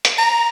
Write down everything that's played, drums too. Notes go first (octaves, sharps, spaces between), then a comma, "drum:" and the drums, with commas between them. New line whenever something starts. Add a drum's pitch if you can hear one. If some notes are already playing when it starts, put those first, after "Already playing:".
drum: hi-hat
A#5